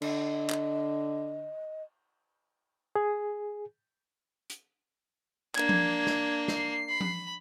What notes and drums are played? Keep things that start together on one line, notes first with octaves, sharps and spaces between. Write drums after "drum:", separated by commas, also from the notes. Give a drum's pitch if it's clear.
D3 D#5, drum: cymbal
drum: clap
G#4
drum: hi-hat
A#3 D4 G#6, drum: clap
drum: tom F3
drum: snare
C7, drum: snare
B5
drum: tom F3